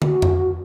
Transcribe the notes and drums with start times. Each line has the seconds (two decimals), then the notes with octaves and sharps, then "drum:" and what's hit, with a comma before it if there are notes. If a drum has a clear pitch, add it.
0.02 F#4, drum: tom
0.22 drum: tom F2